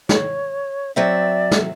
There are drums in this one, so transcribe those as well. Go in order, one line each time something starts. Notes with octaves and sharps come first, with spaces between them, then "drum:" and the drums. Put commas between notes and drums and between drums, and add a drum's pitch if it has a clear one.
C#5, drum: snare
F#3 C4 D5 E5
drum: snare